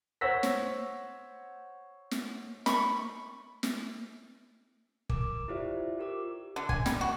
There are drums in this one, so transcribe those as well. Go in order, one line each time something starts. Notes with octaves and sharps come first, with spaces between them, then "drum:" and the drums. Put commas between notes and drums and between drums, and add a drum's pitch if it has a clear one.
C5 C#5 F#5 E6 A#6 B6
drum: snare
drum: snare
B5 C#6, drum: snare
drum: snare
A#4 D6, drum: kick
E4 F4 G4 C5 D5 E5
F4 G4 A#4 D6
D3
G#5, drum: kick
G3, drum: snare
F#4